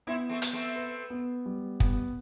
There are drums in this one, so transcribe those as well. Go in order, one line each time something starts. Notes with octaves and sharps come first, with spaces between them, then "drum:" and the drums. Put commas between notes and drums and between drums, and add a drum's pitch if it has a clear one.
B3 C4 E4
A3 C4
B4, drum: hi-hat
A3 C4
B4
B3
G3
B3, drum: kick